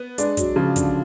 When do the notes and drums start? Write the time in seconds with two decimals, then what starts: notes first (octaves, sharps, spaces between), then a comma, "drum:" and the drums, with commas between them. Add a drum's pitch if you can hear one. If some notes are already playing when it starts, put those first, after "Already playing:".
Already playing: B3
0.18 G#3 D4, drum: hi-hat
0.37 F#3, drum: kick, hi-hat
0.56 C#3 F3
0.76 D3, drum: kick, hi-hat